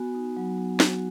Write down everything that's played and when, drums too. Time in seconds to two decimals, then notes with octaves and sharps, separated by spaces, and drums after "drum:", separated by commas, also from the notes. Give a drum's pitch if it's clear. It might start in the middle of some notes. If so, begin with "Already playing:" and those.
Already playing: B3 F#4 G#5
0.14 D#4
0.37 F#3
0.58 B3
0.80 F#4, drum: snare